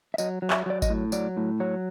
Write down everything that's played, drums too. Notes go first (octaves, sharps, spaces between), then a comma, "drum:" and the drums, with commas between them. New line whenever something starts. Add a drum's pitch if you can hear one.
E5
F#3 D#5, drum: tambourine
F#3
E5, drum: clap
F#3 D5
D#5, drum: kick G#1, tambourine
A2
F#3 D5, drum: tambourine
A2
F#3 C#5